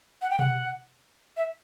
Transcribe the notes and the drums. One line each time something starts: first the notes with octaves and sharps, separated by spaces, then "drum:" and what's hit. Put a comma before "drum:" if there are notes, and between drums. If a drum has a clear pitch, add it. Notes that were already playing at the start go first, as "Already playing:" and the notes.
F#5
G5
F#5, drum: tom B2
E5